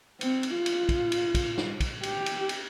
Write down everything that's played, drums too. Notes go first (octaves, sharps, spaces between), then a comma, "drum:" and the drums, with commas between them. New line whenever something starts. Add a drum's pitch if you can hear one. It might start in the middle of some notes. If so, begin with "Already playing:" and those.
C4, drum: cymbal
drum: cymbal
F4
drum: cymbal
drum: kick, cymbal
drum: cymbal
drum: kick, cymbal
drum: snare
drum: kick, cymbal
G4, drum: cymbal
drum: cymbal
drum: cymbal